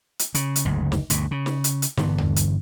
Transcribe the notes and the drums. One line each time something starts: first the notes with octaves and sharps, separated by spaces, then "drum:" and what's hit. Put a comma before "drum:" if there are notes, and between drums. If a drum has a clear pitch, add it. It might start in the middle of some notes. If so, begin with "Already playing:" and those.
drum: hi-hat
C#3, drum: hi-hat
drum: hi-hat
F#1 D2 G#2
drum: snare
D2 G2 B2, drum: hi-hat
C#3
drum: snare
drum: hi-hat
drum: hi-hat
G2 D3 E3 B3, drum: snare
drum: tom D#2
drum: hi-hat